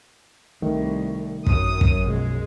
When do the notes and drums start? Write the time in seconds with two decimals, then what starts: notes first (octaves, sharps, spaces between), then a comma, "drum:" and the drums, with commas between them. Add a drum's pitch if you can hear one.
0.62 C2 D#3 A3
1.47 F#2 D#6, drum: kick
1.81 drum: kick
2.06 B1 F3 G#3